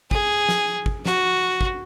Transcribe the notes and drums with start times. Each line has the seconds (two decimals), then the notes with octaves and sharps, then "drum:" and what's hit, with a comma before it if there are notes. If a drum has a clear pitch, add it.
0.11 G#4, drum: kick
0.49 drum: snare
0.86 drum: kick
1.06 F#4, drum: snare
1.61 drum: kick